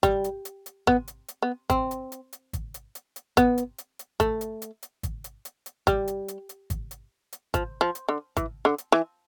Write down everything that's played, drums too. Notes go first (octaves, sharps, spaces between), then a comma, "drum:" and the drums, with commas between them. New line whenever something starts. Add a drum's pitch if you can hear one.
G3, drum: kick G#1, hi-hat
drum: hi-hat
drum: hi-hat
drum: hi-hat
B3, drum: kick G#1
drum: hi-hat
drum: hi-hat
B3
C4, drum: kick G#1, hi-hat
drum: hi-hat
drum: hi-hat
drum: hi-hat
drum: kick G#1, hi-hat
drum: hi-hat
drum: hi-hat
drum: hi-hat
B3, drum: kick G#1, hi-hat
drum: hi-hat
drum: hi-hat
drum: hi-hat
A3, drum: kick G#1, hi-hat
drum: hi-hat
drum: hi-hat
drum: hi-hat
drum: kick G#1, hi-hat
drum: hi-hat
drum: hi-hat
drum: hi-hat
G3, drum: kick G#1, hi-hat
drum: hi-hat
drum: hi-hat
drum: hi-hat
drum: kick G#1, hi-hat
drum: hi-hat
drum: hi-hat
F3, drum: kick G#1, hi-hat
F3
drum: hi-hat
D3
E3, drum: kick G#1, hi-hat
D3
drum: hi-hat
E3